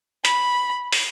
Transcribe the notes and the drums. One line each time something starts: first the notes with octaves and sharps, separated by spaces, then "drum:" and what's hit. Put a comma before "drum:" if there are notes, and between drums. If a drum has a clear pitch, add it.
B5, drum: hi-hat
drum: open hi-hat